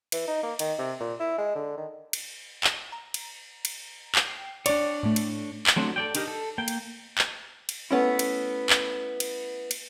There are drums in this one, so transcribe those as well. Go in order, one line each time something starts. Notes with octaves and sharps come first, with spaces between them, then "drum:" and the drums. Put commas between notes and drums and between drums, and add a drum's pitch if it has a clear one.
E3, drum: cymbal
D#4
A#3
D#3, drum: cymbal
C3
A#2
E4
G#3
D3
D#3
drum: cymbal
drum: clap
A#5
drum: cymbal
drum: cymbal
drum: clap
G5 C7
D4 C#5 D5, drum: cymbal
A2 A3
drum: cymbal
drum: clap
F#3 A3 C4 D4 F#4
A4 D5 G5
D4 D#4 G4 A#4, drum: cymbal
A4
A#3 G5
drum: cymbal
drum: clap
drum: cymbal
A3 B3 C#4 E4
drum: cymbal
drum: clap
drum: cymbal
drum: cymbal